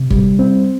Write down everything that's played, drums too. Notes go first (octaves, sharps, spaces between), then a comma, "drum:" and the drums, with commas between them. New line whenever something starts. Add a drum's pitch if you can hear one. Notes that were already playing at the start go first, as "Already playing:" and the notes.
Already playing: C3
G3, drum: kick G1
C4